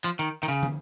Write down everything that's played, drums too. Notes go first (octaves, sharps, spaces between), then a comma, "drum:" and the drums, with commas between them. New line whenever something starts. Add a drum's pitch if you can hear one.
F3
D#3
D#3
C#3
drum: tom